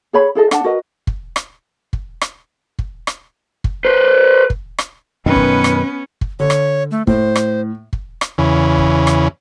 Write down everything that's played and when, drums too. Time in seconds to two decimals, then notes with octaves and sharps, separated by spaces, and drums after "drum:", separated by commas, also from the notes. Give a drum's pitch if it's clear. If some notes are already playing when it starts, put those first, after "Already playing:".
0.13 G#4 C#5 B5
0.35 E4 G#4 A4 D#5
0.51 D4 F#5 A5, drum: rim click
0.64 F#4 A#4 B4 D#5
1.07 drum: kick
1.36 drum: rim click
1.93 drum: kick
2.21 drum: rim click
2.79 drum: kick
3.07 drum: rim click
3.64 drum: kick
3.85 B4 C5
4.50 drum: kick
4.78 drum: rim click
5.26 F#2 B2 D#3 B3 C#4 B4
5.36 drum: kick
5.64 drum: rim click
6.21 drum: kick
6.40 D3 C#5
6.50 drum: rim click
6.91 A3
7.07 A2 C5, drum: kick
7.36 drum: rim click
7.93 drum: kick
8.21 drum: rim click
8.38 E2 C#3
8.78 drum: kick
9.07 drum: rim click